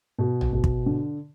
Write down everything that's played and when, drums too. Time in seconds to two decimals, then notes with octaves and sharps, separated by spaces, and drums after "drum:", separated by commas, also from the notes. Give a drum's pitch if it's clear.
0.18 B2
0.41 drum: tom
0.53 B2
0.64 drum: kick
0.86 D3